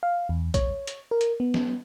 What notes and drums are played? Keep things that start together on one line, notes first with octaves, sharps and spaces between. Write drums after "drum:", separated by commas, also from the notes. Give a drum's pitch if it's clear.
F5
E2
C#5, drum: kick, hi-hat
drum: hi-hat
A#4
drum: hi-hat
B3
drum: snare